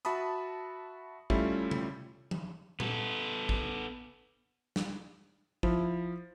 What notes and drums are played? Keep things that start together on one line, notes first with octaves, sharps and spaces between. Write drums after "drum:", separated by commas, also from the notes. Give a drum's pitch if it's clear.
F#4 E5 A5 B5 D#6, drum: hi-hat
G3 A3 C#4 E4 F4, drum: kick
drum: tom C3
drum: tom E3
B3 A4, drum: tom A#2
drum: kick
drum: snare
F3 E4, drum: kick